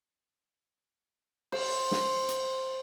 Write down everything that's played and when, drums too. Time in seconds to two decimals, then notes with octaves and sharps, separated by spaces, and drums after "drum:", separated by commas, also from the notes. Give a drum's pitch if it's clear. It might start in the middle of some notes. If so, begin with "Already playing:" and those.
1.52 C5, drum: cymbal
1.91 drum: snare
2.28 drum: hi-hat